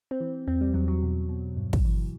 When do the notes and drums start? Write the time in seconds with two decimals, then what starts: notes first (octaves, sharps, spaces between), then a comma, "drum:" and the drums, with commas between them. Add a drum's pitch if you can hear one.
0.11 C4
0.20 E3
0.47 E2 C4
0.61 G3
0.74 E2 F#3
0.88 F#3
1.03 B2
1.29 B2
1.57 G2
1.73 drum: kick
1.85 E3